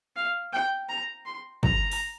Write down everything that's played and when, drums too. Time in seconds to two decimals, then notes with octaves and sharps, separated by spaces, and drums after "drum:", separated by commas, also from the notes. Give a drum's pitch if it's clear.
0.16 F5
0.53 G5
0.89 A#5
1.26 C6
1.63 A#5, drum: kick
1.92 drum: open hi-hat